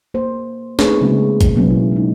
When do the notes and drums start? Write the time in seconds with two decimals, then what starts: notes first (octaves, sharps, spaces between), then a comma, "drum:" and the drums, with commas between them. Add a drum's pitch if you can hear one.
0.14 A#3 C5
0.79 A3 C4 D#4 G#4 B4 C#5, drum: snare
1.01 C#3 G#3 A#3 C#4 F#4
1.41 drum: kick A1, hi-hat
1.56 B2 F#3 A#3 B3 C#4
1.70 E4
1.92 G#3 D#4